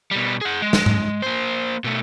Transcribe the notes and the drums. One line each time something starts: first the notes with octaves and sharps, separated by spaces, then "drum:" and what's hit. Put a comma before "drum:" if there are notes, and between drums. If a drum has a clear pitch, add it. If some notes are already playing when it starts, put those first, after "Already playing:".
B2 G3
G#4 F#5
G#3
drum: snare
drum: tom G#2
A#3 C5
B2 A3